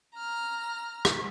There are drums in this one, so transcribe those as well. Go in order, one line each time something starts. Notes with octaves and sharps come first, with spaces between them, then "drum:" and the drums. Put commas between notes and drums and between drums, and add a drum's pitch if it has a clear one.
A#5 F6
drum: rim click